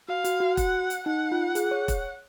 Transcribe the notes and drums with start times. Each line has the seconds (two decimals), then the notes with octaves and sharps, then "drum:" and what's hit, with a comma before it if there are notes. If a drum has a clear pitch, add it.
0.08 F#4 F5
0.25 F#4, drum: hi-hat
0.40 F#4
0.57 F#5, drum: kick E1, hi-hat
0.90 drum: hi-hat
1.06 D#4 F#5
1.32 F4
1.55 G#4, drum: hi-hat
1.71 C#5
1.88 drum: kick E1, hi-hat